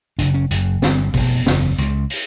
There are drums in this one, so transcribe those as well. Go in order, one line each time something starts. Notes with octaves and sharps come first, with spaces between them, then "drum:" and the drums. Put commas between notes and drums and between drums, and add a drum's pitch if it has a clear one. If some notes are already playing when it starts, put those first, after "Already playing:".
F#1 F#2 C#3 D4, drum: hi-hat
C#4
F#1 F#2 C#3, drum: hi-hat
G1 G2 D3 C4, drum: snare
F1 E2 B2 B3, drum: kick G#1, open hi-hat
F#1 E2 C#3, drum: snare
C#2 C#3, drum: hi-hat
drum: open hi-hat